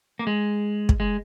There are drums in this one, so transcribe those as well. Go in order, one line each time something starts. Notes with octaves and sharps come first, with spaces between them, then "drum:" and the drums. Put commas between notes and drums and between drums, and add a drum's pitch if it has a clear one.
A#3
G#3
drum: kick
G#3